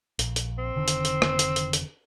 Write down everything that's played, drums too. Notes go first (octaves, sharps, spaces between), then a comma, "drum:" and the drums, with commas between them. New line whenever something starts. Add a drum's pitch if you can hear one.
A#1, drum: hi-hat
drum: hi-hat
C4
F1 D3 D#3
drum: hi-hat
drum: hi-hat
drum: rim click
drum: hi-hat
drum: hi-hat
drum: hi-hat